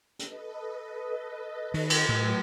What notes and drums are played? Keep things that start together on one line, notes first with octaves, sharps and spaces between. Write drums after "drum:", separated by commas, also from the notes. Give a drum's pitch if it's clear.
A4 B4 D#5, drum: hi-hat
D#3, drum: open hi-hat
drum: cymbal
A2 F#3 A3 B4